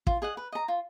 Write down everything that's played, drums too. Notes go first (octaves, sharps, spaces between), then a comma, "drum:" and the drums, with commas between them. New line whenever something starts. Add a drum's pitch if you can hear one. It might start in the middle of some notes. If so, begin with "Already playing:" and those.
F4, drum: kick
G#4 D#5 F#5
B4
D#5 A#5
F4